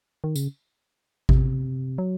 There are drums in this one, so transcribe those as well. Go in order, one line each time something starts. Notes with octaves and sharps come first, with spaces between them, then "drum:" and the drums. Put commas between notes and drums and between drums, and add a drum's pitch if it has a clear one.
D#3
C#3, drum: tambourine
C3, drum: kick G#1
F#3